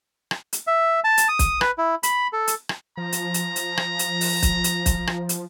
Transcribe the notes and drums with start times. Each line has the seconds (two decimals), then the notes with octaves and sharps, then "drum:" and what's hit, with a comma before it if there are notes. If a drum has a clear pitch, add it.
0.31 drum: rim click
0.53 drum: hi-hat
0.67 E5
1.04 A5
1.18 drum: hi-hat
1.28 D#6
1.39 drum: kick, hi-hat
1.61 B4, drum: rim click
1.78 E4
2.03 B5, drum: hi-hat
2.33 A4
2.47 drum: hi-hat
2.69 drum: rim click
2.97 F3 A#5
3.12 drum: hi-hat
3.34 drum: hi-hat
3.56 drum: hi-hat
3.77 drum: rim click
3.99 drum: hi-hat
4.21 drum: open hi-hat
4.42 drum: kick, hi-hat
4.64 drum: hi-hat
4.86 drum: kick, hi-hat
5.07 drum: rim click
5.29 drum: hi-hat